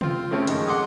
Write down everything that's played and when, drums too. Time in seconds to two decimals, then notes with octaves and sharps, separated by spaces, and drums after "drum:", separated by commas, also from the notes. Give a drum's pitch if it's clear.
0.01 C4 F4, drum: tom C3
0.31 C#3 A3 C4 C#4
0.47 F2 D#3 G#3, drum: hi-hat
0.68 F#5 C6 D6 D#6